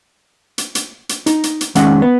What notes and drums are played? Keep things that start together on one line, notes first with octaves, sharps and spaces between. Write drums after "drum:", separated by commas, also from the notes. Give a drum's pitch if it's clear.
drum: hi-hat
drum: hi-hat
drum: hi-hat
D#4, drum: hi-hat
drum: hi-hat
drum: hi-hat
D#3 G#3 C#4 F#5, drum: hi-hat
B3